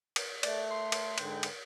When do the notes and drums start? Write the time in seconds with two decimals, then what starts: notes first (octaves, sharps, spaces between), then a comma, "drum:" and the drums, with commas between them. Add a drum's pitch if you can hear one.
0.16 drum: cymbal
0.43 A3 D5, drum: cymbal
0.71 C6
0.92 drum: cymbal
1.18 G#2 D3 G5, drum: cymbal
1.43 drum: cymbal